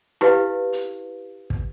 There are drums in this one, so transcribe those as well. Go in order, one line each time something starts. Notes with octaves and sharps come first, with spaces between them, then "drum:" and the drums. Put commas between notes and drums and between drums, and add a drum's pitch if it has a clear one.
E4 G4 B4 D#5 F5, drum: rim click
drum: hi-hat
drum: kick